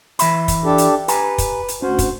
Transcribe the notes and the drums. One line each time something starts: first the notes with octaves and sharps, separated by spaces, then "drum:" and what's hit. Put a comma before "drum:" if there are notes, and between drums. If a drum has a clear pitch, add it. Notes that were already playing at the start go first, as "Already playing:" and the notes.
E3 E5 B5, drum: hi-hat
drum: kick, hi-hat
D4 G4 A4
drum: hi-hat
G4 B4 G#5 A#5, drum: hi-hat
drum: kick, hi-hat
drum: hi-hat
D2 C#4 F#4 C5
drum: kick, hi-hat